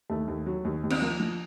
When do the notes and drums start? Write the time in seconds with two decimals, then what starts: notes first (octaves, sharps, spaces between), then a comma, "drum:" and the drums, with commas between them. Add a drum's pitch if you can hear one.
0.10 D#2 A3
0.28 D#2
0.46 F#3
0.65 D#2
0.83 D#2
0.90 C4, drum: cymbal
1.02 F3 A#3
1.20 F3